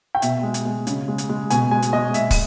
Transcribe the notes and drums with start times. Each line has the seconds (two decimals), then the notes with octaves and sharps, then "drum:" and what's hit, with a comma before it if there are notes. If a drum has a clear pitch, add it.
0.15 G5
0.22 B2 E5, drum: hi-hat
0.43 G#3
0.54 drum: hi-hat
0.65 G#3
0.87 C#3, drum: hi-hat
1.08 G#3
1.18 drum: hi-hat
1.29 G#3
1.50 B2 G#5, drum: hi-hat
1.71 G#3 G#5
1.82 drum: hi-hat
1.93 G#3 D#5
2.14 A#2 E5, drum: hi-hat
2.31 drum: kick, open hi-hat